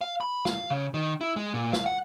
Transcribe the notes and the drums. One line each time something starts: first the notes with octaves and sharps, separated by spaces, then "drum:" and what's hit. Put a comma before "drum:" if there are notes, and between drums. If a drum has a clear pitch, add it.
F5
B5
F5, drum: snare
C#3
D#3
E4
G#3
A#2
F5, drum: snare
F#5